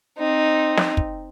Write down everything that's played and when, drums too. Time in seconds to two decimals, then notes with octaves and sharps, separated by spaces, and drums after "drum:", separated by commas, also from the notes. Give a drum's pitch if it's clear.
0.18 C4 D#4
0.77 drum: snare
0.97 drum: kick